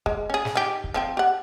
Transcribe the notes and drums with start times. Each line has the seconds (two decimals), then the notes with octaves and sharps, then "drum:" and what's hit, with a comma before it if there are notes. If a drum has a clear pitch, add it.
0.06 G#3, drum: kick
0.30 C#4 G#4
0.45 drum: snare
0.55 D#4 G4
0.84 drum: kick
0.94 F3 C4 G5
1.17 G4 F#5